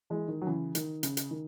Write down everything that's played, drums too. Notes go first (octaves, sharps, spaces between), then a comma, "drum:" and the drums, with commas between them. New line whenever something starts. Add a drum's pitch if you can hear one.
E3 G#3
D#3
F#3
C#3 E3
D#3, drum: hi-hat
C#3, drum: hi-hat
drum: hi-hat
D#3